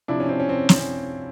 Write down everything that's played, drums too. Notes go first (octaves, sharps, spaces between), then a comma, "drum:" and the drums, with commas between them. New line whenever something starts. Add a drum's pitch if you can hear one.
C3 F3 D4 E4
C#4
C4 D4
C#4
C4
C4, drum: snare
C#4